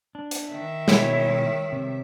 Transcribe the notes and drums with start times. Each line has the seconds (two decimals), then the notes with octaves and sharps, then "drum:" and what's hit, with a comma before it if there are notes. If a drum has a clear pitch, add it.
0.15 D4
0.31 drum: hi-hat
0.51 D#3 E5
0.88 B2 E4 C#5, drum: snare
1.72 C3